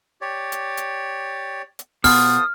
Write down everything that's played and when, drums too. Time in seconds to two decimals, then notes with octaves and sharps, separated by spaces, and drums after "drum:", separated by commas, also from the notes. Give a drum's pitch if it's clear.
0.21 G4 C#5 D5
0.52 drum: hi-hat
0.77 drum: hi-hat
1.79 drum: hi-hat
2.04 B2 F4 A4 C5 D#6 F6, drum: kick, open hi-hat